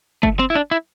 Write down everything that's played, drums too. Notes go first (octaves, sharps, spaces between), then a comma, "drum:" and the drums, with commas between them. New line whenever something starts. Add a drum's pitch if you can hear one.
A3, drum: kick F#1
C4
E4
D4
E4